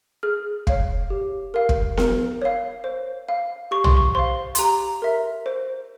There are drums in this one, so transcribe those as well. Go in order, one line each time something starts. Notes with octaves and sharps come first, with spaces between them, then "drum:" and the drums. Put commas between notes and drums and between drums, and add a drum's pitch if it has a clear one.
G#4 F6
C#5 F5, drum: kick
G4
A#4 F5
drum: kick
A#4, drum: snare B3
C#5 F5
C5
F5
G4 C#6
C6, drum: tom
C#6
C5 F5 C6
C6, drum: hi-hat
G4 A#5
A#4 E5
C5